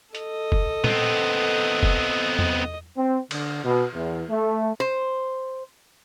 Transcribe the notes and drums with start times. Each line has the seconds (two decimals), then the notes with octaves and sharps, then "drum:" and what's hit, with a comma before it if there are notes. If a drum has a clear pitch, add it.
0.15 A4 D#5, drum: hi-hat
0.52 drum: kick
0.84 B3 C4, drum: tom A#2
1.83 drum: kick
2.39 D#5, drum: tom E2
2.97 C4
3.31 D3, drum: cymbal
3.65 B2
3.94 E2
4.30 A3
4.80 C5